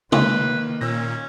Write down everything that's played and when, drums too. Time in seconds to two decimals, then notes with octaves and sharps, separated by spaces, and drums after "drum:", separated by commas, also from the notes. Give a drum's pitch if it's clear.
0.12 D#3 A#3 B4, drum: tom
0.81 A#2 C#4 E6 A#6